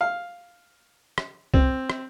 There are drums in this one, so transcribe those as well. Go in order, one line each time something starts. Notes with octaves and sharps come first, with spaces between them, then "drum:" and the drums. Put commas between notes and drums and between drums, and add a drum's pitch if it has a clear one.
F5
drum: rim click
C4, drum: kick
drum: rim click